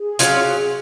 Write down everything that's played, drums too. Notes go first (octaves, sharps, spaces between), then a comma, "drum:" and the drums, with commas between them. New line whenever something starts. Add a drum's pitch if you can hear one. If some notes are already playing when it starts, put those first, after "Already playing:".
Already playing: G#4
F#3 C#4 F4, drum: hi-hat